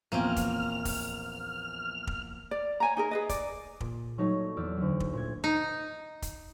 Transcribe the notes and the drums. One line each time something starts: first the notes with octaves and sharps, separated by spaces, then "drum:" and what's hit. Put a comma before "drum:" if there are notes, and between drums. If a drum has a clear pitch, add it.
A#1 E2 A#3 C4 C#4 F6
drum: kick, hi-hat
drum: kick, open hi-hat
drum: kick
D5
C#5 G#5 A#5
D#4 G#4 A#4
G#4 B4 D#5
D5, drum: kick, hi-hat
A#2, drum: kick
F#3 G3 A3 D#4 C#5
E2 D5 E6 F6
D2 F#3
drum: kick
A#2 G#6
D#4
drum: kick, hi-hat